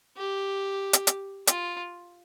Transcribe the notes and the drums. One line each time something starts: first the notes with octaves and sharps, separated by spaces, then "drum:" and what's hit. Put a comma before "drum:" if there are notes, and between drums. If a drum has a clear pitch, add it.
G4
drum: hi-hat
drum: hi-hat
F4, drum: hi-hat